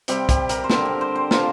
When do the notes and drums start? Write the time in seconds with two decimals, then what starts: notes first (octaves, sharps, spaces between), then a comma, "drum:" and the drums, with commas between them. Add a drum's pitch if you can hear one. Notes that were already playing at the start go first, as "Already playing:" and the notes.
0.08 C3 G3 C4 G4, drum: hi-hat
0.29 G4, drum: kick, hi-hat
0.49 A#4, drum: hi-hat
0.64 C5
0.70 D3 G3 C4 A#4, drum: snare
0.85 G4
1.01 C5
1.16 C5
1.31 D3 F3 D4 A#4, drum: snare